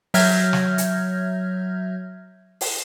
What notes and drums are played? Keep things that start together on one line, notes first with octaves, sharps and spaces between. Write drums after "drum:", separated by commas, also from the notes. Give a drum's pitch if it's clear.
F#3 E5 F6 G6 G#6 A#6, drum: open hi-hat
drum: snare
drum: hi-hat
drum: open hi-hat